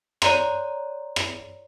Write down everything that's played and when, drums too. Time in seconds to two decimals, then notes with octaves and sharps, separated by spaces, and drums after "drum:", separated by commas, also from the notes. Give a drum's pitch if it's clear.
0.22 C#5 D5 A#5 C6, drum: rim click
1.16 drum: rim click